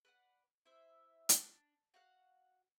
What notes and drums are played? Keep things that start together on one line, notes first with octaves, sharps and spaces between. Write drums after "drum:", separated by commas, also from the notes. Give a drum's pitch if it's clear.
B4 D5 F#5
E4 C5 E5
drum: hi-hat
D4
F#4 F5 F#5